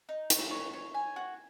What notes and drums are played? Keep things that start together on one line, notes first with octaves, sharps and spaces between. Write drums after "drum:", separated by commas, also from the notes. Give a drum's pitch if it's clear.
D#4
C#5, drum: hi-hat
C#5
C#5
G#5
F#4